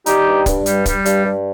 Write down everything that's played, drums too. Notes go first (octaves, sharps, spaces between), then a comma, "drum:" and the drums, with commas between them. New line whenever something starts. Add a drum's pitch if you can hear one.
G3 D#4 G4, drum: hi-hat
G2
G2, drum: kick, hi-hat
G3, drum: hi-hat
G3, drum: kick, hi-hat
G2, drum: hi-hat
G2